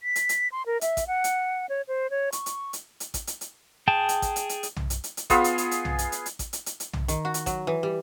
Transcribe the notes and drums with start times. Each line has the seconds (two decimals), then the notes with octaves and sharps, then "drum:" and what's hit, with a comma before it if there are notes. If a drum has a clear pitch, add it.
0.03 B6
0.15 drum: hi-hat
0.29 drum: hi-hat
0.52 C6
0.66 A#4
0.81 E5, drum: hi-hat
0.97 drum: kick A1, hi-hat
1.07 F#5
1.24 drum: hi-hat
1.69 C#5
1.88 C5
2.10 C#5
2.32 C#6, drum: hi-hat
2.46 drum: hi-hat
2.73 drum: hi-hat
3.00 drum: hi-hat
3.14 drum: kick A1, hi-hat
3.27 drum: hi-hat
3.41 drum: hi-hat
3.88 G#4 G5 A5
4.09 drum: hi-hat
4.22 drum: kick A1, hi-hat
4.36 drum: hi-hat
4.49 drum: hi-hat
4.63 drum: hi-hat
4.76 drum: tom B1
4.90 drum: hi-hat
5.04 drum: hi-hat
5.17 drum: hi-hat
5.30 B3 F4 G#4, drum: kick A1, hi-hat
5.44 drum: hi-hat
5.58 drum: hi-hat
5.71 drum: hi-hat
5.85 drum: tom B1
5.99 drum: hi-hat
6.12 drum: hi-hat
6.26 drum: hi-hat
6.39 drum: kick A1, hi-hat
6.53 drum: hi-hat
6.66 drum: hi-hat
6.80 drum: hi-hat
6.93 drum: tom B1
7.08 D#3, drum: hi-hat
7.25 F#4
7.34 drum: hi-hat
7.46 F#3, drum: kick A1, hi-hat
7.67 E3
7.83 G3